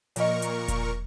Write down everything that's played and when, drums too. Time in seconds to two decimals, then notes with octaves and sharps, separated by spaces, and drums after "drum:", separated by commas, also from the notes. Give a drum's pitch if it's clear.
0.16 A#2 F3 A#4 D#5 C#6, drum: hi-hat
0.42 drum: hi-hat
0.68 drum: kick E1, hi-hat